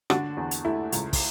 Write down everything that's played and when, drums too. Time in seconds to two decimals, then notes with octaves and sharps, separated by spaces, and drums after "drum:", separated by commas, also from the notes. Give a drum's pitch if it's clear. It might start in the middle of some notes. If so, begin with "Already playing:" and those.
0.10 D3 D4 F#4, drum: rim click
0.37 E2
0.51 drum: hi-hat
0.65 A3 E4
0.92 C#2, drum: hi-hat
1.13 drum: kick, open hi-hat